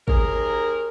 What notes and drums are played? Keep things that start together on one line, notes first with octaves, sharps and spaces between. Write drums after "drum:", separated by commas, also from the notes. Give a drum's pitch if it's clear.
D#2 G#4 A#4, drum: kick